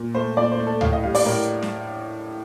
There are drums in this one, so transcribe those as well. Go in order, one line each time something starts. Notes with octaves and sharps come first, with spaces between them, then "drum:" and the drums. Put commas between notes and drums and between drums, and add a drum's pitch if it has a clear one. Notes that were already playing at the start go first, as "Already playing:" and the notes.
Already playing: A#2
A3 C5
A#2 D5
C5
A3
A4
A2 F5, drum: tom C#2
D#5
G3 F5
D5, drum: open hi-hat
A2 A#4
drum: snare